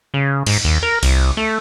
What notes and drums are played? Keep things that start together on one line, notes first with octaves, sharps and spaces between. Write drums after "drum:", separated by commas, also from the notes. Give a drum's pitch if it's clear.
C#3
G#2, drum: cymbal
D#2
A#4
C2, drum: cymbal
A3